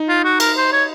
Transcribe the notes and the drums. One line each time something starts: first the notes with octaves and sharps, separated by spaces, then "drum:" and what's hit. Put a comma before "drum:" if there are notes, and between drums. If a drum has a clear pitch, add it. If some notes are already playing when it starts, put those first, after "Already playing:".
Already playing: D#4
F4
F#4
A#4, drum: cymbal
C5
C#5